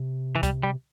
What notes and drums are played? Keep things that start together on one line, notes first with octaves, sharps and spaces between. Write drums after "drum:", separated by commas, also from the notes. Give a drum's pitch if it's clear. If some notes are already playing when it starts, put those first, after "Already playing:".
Already playing: C3
E3
G3, drum: kick C2, hi-hat
G3